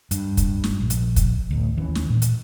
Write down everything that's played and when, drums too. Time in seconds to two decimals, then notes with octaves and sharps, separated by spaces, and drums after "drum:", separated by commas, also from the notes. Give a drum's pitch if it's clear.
0.11 G2, drum: hi-hat
0.37 drum: kick, hi-hat
0.64 drum: snare
0.80 A#1
0.90 drum: hi-hat
1.16 drum: kick, hi-hat
1.51 A1 D2
1.77 D#2 E3 C#4
1.95 drum: snare
2.10 A#2
2.22 drum: hi-hat